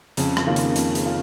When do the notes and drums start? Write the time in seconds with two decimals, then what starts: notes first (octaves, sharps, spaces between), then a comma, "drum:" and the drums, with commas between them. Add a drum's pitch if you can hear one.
0.17 F2 C#3, drum: hi-hat
0.37 drum: rim click
0.47 D#3 A#3 F4
0.56 drum: hi-hat
0.76 F2, drum: hi-hat
0.95 drum: hi-hat
1.05 A#3 F4